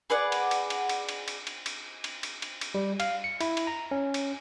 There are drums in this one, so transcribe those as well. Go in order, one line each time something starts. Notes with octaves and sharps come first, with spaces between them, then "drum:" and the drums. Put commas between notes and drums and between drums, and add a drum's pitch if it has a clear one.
G#4 B4 D5 F#5
drum: cymbal
drum: cymbal
drum: cymbal
drum: cymbal
drum: cymbal
drum: cymbal
drum: cymbal
drum: cymbal
drum: cymbal
drum: cymbal
drum: cymbal
drum: cymbal
G3
F5, drum: cymbal
C#7
E4, drum: cymbal
drum: cymbal
A#5
C#4
drum: cymbal